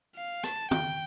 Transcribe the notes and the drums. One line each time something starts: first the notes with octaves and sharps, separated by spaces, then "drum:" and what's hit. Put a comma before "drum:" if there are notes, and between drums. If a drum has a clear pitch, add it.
F5
A5, drum: rim click
G5, drum: tom